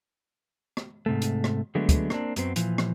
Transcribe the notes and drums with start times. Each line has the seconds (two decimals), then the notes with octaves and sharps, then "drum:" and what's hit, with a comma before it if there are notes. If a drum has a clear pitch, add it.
0.77 drum: rim click
1.06 G#2 C3 A3
1.22 drum: hi-hat
1.44 drum: rim click
1.75 D3 F#3 G#3 A3 B3 D4
1.89 drum: kick, hi-hat
2.10 A#3 C4 D4, drum: rim click
2.36 F#2 F#3 B3 C4, drum: hi-hat
2.56 A#2 E3 F3, drum: hi-hat
2.78 drum: rim click